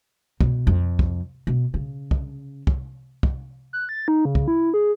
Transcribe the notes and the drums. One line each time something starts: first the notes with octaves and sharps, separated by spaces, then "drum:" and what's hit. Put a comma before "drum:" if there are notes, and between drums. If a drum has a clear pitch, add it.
B2, drum: kick
F2
drum: kick
B2
C#3
drum: kick
drum: kick
drum: kick
F#6
A6
D#4
C#3
drum: kick
E4
G#4